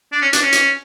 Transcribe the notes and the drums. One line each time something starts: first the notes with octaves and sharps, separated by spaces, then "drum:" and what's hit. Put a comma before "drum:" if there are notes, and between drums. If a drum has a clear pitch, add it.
D4
C#4
D4, drum: hi-hat
C#4
drum: hi-hat